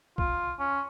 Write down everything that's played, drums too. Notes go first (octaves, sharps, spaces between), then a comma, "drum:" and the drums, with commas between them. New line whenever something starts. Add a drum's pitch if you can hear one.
F4, drum: kick B1
C#4